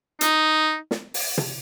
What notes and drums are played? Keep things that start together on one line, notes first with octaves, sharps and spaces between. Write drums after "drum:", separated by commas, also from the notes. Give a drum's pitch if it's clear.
D#4, drum: hi-hat
drum: snare
drum: open hi-hat
drum: tom